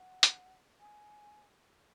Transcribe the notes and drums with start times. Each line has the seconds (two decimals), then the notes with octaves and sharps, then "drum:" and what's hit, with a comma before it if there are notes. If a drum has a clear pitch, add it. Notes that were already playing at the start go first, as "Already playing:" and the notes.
Already playing: F#5
0.23 drum: hi-hat
0.80 G#5